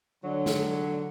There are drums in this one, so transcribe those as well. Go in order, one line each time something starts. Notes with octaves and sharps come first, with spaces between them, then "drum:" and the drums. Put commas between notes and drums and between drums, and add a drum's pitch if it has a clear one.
D3 F#3
drum: snare